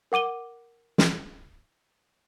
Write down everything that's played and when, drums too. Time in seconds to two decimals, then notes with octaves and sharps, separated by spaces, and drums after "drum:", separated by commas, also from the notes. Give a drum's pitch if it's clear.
0.12 A#4 F#5 D6 D#7 G7
0.98 drum: snare